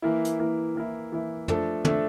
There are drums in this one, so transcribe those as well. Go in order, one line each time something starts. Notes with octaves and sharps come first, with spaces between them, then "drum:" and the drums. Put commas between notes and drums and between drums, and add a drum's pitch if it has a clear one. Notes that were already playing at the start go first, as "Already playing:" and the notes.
E3 A#3 E4
drum: hi-hat
E3 A#3 E4
E3 A#3 E4
E3 A#3 E4
F3 A3 D4 A4, drum: tom
F3 A3 D4 A4, drum: tom